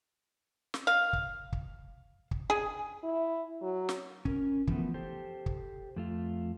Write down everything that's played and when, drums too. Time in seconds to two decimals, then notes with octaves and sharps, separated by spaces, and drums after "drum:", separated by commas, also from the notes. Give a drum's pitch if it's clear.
0.74 drum: snare
0.87 F5
1.13 drum: kick
1.52 drum: kick
2.31 drum: kick
2.50 G#4
3.04 E4
3.62 F#3
3.89 drum: snare
4.25 C#4 A#4, drum: kick
4.67 E3 F3 A3 B3, drum: kick
4.94 G4 A4 C5
5.46 drum: kick
5.96 F2 A3 F4